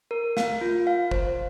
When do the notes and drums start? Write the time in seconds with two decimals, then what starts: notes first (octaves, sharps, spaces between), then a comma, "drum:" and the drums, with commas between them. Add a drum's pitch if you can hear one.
0.11 A#4
0.37 F5, drum: snare
0.61 F4
0.87 F5
1.11 C5, drum: kick G1